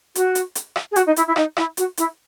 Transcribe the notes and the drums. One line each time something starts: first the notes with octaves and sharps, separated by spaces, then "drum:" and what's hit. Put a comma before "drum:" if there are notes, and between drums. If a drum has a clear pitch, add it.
F#4, drum: hi-hat
drum: hi-hat
drum: hi-hat
drum: rim click
G#4
F#4, drum: hi-hat
D#4
E4, drum: hi-hat
E4
D#4, drum: rim click
E4, drum: rim click
F#4, drum: hi-hat
E4, drum: hi-hat